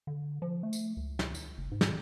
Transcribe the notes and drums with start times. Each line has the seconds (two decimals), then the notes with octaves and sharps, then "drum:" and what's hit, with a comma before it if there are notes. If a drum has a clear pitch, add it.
0.07 D3
0.42 F3
0.63 A3
0.73 drum: tambourine
0.97 C#2
1.19 drum: snare
1.35 drum: tambourine
1.58 F#1
1.71 G#2
1.81 drum: snare